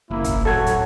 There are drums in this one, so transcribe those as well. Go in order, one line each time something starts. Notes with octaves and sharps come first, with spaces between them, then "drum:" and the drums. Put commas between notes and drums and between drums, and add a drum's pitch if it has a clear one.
F#1 A#3 E4
drum: kick, hi-hat
D1 F#3 F#4 A4 G#6
drum: hi-hat